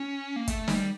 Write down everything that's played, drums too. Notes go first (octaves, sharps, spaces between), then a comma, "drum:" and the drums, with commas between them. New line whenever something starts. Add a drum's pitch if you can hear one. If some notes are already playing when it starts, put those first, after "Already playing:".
Already playing: C#4
A#3
A3, drum: kick, hi-hat
G3, drum: snare